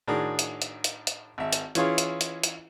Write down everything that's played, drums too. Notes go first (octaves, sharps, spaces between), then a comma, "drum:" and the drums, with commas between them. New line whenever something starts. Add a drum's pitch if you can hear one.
A2 D#3 D4 F#4 G#4
drum: hi-hat
drum: hi-hat
drum: hi-hat
drum: hi-hat
G#1 E5
drum: hi-hat
E3 C#4 E4 F4 G#4 C#5, drum: hi-hat
drum: hi-hat
drum: hi-hat
drum: hi-hat